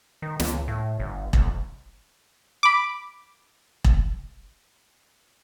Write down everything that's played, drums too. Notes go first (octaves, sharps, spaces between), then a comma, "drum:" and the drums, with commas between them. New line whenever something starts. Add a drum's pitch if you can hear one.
D#3
C#2, drum: snare
A2
G1
F1, drum: kick E1
B5 D6
drum: kick E1